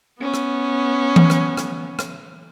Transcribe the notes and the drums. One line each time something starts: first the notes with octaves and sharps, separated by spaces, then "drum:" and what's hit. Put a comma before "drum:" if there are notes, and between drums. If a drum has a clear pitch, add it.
B3 C#4
drum: rim click
drum: tom E3
drum: rim click
drum: rim click
drum: rim click